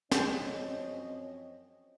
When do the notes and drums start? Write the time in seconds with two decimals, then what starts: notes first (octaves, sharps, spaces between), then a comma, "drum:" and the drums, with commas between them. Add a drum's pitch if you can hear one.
0.11 F#2 F3 C4 C#4 C#5 D#5, drum: snare